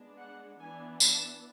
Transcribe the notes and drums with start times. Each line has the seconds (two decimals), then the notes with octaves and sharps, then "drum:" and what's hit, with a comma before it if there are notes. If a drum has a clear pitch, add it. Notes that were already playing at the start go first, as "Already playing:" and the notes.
Already playing: G#3 B3 D4
0.19 F#5
0.60 E3 B3 D4 G#5
1.00 A5, drum: tambourine